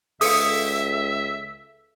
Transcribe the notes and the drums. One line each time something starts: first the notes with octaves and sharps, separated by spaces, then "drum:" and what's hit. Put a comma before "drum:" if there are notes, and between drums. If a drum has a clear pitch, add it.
C#2 A4 E5 F5 D#6 C#7, drum: open hi-hat